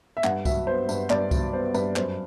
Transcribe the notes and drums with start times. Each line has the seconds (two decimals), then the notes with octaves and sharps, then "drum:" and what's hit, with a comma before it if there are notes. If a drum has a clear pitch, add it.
0.17 E5
0.24 G2 F#5, drum: clap
0.45 F#3 E5, drum: kick C2, tambourine
0.67 B3 C5
0.89 G2, drum: tambourine
1.10 G2 D5, drum: clap
1.31 F#3, drum: kick C2, tambourine
1.53 B3 C5
1.74 G2 B4, drum: tambourine
1.96 F#2 C5, drum: clap